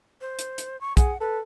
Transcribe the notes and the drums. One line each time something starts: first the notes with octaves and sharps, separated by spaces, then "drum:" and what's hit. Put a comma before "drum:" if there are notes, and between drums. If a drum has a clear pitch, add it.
C5
drum: hi-hat
drum: hi-hat
C#6
G#4 F#5, drum: kick, hi-hat
A4 B4